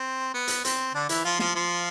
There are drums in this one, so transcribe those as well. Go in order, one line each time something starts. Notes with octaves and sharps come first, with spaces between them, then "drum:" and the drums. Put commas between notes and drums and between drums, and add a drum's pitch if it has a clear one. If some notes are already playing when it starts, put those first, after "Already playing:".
Already playing: C4
B3
drum: hi-hat
C4, drum: hi-hat
D3 D4
E3 E4, drum: hi-hat
F3 F4
F3 F4, drum: snare
F3 F4